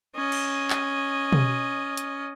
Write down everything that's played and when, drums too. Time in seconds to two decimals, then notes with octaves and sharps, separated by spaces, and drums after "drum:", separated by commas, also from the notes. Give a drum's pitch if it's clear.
0.15 C#4 D#5
0.32 drum: cymbal
0.70 drum: clap
1.32 drum: tom B2
1.97 drum: hi-hat